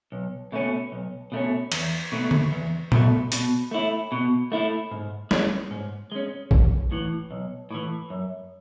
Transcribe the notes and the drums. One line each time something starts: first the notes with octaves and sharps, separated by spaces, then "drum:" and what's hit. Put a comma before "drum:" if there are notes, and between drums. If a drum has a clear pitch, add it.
B1
B2 A3 C#4
B1
B2 A3 C#4
E2, drum: cymbal
B2 A3
drum: tom D3
E2
B2 A3, drum: tom A#2
B2, drum: hi-hat
A3 E4
B2
A3 E4
G#2
G#3 C#4, drum: snare G3
G#2
G#3 C#4
B1, drum: kick A#1
A2 E3
B1
A2 E3
F#2